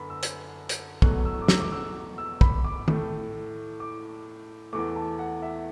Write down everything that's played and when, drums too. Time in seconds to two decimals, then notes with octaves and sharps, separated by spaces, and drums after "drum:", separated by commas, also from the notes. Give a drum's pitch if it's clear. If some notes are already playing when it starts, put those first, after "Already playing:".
Already playing: F#2 D3 B3 B5
0.10 E6
0.23 drum: hi-hat
0.69 drum: hi-hat
1.02 E2 B2 F#3 A3 F#6, drum: kick
1.25 E6
1.42 D6
1.48 E6, drum: snare
1.60 D6
1.72 E6
2.18 E6
2.41 B5, drum: kick
2.64 D6
2.88 A2 A3, drum: tom D#3
3.80 D6
4.73 E2 E3 A3 D6
4.96 A5
5.19 F#5
5.42 E5